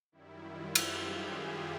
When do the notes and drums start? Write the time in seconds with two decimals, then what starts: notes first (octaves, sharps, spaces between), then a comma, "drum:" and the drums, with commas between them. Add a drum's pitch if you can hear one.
0.12 F#2 D#3 G3 E4
0.44 F4
0.75 G4, drum: cymbal
1.07 G#4